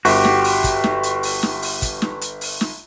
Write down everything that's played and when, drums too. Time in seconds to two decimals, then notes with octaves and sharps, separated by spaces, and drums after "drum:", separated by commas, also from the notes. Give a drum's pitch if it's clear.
0.05 G1 F#4 G4, drum: open hi-hat
0.25 drum: snare
0.44 drum: open hi-hat
0.64 drum: kick, hi-hat
0.84 drum: snare
1.03 drum: hi-hat
1.23 drum: open hi-hat
1.43 drum: snare
1.62 drum: open hi-hat
1.82 drum: kick, hi-hat
2.02 drum: snare
2.21 drum: hi-hat
2.41 drum: open hi-hat
2.61 drum: snare